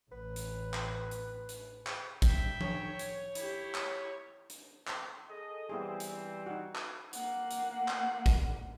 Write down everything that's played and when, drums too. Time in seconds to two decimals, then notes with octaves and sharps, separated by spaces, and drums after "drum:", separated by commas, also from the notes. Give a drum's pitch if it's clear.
0.12 A1 B4
0.36 drum: hi-hat
0.74 drum: clap
1.11 drum: hi-hat
1.49 drum: hi-hat
1.87 drum: clap
2.22 G2 E5 G5, drum: kick, hi-hat
2.61 C#5, drum: tom F3
2.99 drum: hi-hat
3.35 E4 G4, drum: hi-hat
3.75 drum: clap
4.50 drum: hi-hat
4.87 drum: clap
5.29 G#4 A4 D#5
5.69 E3 G3 B3 C4 E4 G#4
6.00 drum: hi-hat
6.46 D#4 F#4
6.75 drum: clap
7.13 A#3 F#5, drum: hi-hat
7.51 drum: hi-hat
7.88 drum: clap
8.26 drum: kick, hi-hat